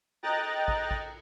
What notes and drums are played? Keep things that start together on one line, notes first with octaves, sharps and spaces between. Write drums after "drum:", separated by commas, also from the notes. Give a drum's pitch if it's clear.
D#5 G5 A#5 F#6 A6, drum: cymbal
drum: kick, cymbal
drum: kick